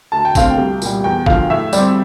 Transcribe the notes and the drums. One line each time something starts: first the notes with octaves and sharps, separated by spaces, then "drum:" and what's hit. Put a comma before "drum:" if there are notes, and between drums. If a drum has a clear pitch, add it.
D2 A5
G5
D3 A3 C4 F5, drum: kick, tambourine
G5
C2
A#2 G3, drum: tambourine
E2 G5
D3 F3 F5, drum: kick
A2 E5
G3 C4 D5, drum: tambourine